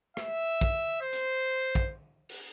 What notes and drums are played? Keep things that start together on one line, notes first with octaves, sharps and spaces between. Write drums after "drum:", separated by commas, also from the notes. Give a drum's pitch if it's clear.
E5, drum: rim click
drum: kick
C5
drum: hi-hat
drum: kick
drum: open hi-hat